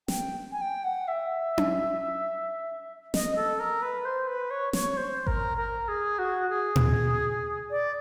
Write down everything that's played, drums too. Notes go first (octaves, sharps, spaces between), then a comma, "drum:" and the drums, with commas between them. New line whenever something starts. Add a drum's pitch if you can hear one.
G5, drum: snare
G#5
G5
F#5
E5
drum: tom C#4
D#5, drum: snare
A4
A#4
B4
C5
B4
C#5
C#5, drum: snare
C5
A#4, drum: kick G#1
A#4
G#4
F#4
G#4
drum: tom A#2
D5